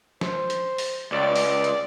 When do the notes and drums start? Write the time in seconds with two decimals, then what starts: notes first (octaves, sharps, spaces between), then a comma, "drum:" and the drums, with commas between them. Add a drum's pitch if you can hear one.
0.21 C5, drum: snare
0.50 drum: hi-hat
0.78 drum: open hi-hat
1.12 C#2 D5
1.36 drum: open hi-hat
1.64 drum: hi-hat